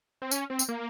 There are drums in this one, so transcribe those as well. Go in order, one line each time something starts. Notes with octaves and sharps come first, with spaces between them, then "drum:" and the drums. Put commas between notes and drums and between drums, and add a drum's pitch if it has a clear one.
C4
C#4, drum: tambourine
C4
drum: tambourine
A#3